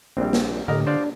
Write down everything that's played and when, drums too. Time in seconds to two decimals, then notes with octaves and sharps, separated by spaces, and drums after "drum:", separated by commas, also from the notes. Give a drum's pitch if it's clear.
0.17 A#1 G3 C4
0.33 drum: snare
0.68 A2 D3 G4 A#4 D#5
0.87 D4 C5 D5 F5